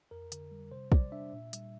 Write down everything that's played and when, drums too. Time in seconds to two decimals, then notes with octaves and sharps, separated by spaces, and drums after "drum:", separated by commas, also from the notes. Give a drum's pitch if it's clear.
0.11 F2 A#4
0.32 D3, drum: hi-hat
0.51 G3
0.72 C3 C5
0.92 G3 D5, drum: kick
1.12 D4 E5
1.33 A#2
1.53 G3, drum: hi-hat